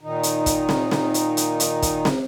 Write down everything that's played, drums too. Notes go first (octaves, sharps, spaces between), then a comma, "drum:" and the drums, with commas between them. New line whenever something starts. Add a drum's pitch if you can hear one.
A#2 D#3 D#4
drum: hi-hat
drum: kick, hi-hat
drum: snare
drum: snare
drum: hi-hat
drum: hi-hat
drum: hi-hat
drum: kick, hi-hat
drum: snare